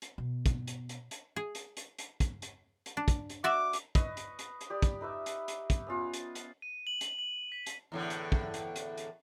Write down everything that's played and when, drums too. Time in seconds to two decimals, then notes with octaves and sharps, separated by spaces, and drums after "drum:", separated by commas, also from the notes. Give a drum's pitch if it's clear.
0.02 drum: hi-hat
0.18 B2
0.46 drum: kick, hi-hat
0.67 drum: hi-hat
0.89 drum: hi-hat
1.11 drum: hi-hat
1.36 G#4
1.55 drum: hi-hat
1.77 drum: hi-hat
1.99 drum: hi-hat
2.20 drum: kick, hi-hat
2.42 drum: hi-hat
2.86 drum: hi-hat
2.97 D4
3.08 drum: kick, hi-hat
3.30 drum: hi-hat
3.44 F#4 D5 E5 D6
3.73 drum: hi-hat
3.95 B4 D#5 C#6, drum: kick, hi-hat
4.17 drum: hi-hat
4.39 drum: hi-hat
4.61 drum: hi-hat
4.70 G4 D5 D#6
4.82 drum: kick, hi-hat
5.01 D#4 B4 E5 D6
5.26 drum: hi-hat
5.48 drum: hi-hat
5.70 drum: kick, hi-hat
5.87 B3 C#4 F4
6.14 drum: hi-hat
6.35 drum: hi-hat
6.62 D#7
6.87 F#7
7.01 drum: hi-hat
7.19 F#7
7.52 B6
7.66 drum: hi-hat
7.92 E2 A2 D3
8.10 drum: hi-hat
8.32 drum: kick
8.54 drum: hi-hat
8.76 drum: hi-hat
8.97 drum: hi-hat